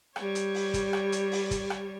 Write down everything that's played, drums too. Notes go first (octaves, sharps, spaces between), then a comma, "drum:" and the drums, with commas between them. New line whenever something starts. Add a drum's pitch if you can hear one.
G3 C#5, drum: rim click
drum: hi-hat
drum: open hi-hat
drum: kick, hi-hat
drum: rim click
drum: hi-hat
drum: open hi-hat
drum: kick, hi-hat
drum: rim click